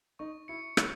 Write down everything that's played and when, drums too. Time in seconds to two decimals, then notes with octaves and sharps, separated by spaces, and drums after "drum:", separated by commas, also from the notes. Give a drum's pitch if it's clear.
0.19 D#4 C#6
0.48 E4 C#7
0.77 E4 C#6, drum: rim click